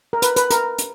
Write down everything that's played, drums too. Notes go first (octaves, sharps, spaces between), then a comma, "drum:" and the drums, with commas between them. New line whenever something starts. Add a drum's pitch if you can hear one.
A#4
B4, drum: hi-hat
B4, drum: hi-hat
A#4, drum: hi-hat
drum: hi-hat